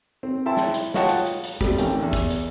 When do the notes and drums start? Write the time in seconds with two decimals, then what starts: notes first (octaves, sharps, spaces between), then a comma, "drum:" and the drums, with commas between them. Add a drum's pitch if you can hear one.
0.23 C4
0.46 E4 E5 G5 A5 C6
0.57 drum: snare
0.74 drum: hi-hat
0.94 F4 C#5 D#5 F#5 G5 A5, drum: snare
1.09 drum: hi-hat
1.26 drum: hi-hat
1.44 drum: hi-hat
1.61 G3 A3 C4, drum: kick, hi-hat
1.78 A1 D#3 G5, drum: hi-hat
2.02 E2
2.13 drum: kick, hi-hat
2.30 drum: hi-hat